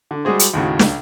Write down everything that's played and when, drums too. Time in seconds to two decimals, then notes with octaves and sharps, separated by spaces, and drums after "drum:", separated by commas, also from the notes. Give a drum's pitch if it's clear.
0.11 D3
0.25 G3 G#3 F#4 G#4 C5
0.39 drum: hi-hat
0.54 D#2 A2 C#3 F#4
0.79 C#2, drum: snare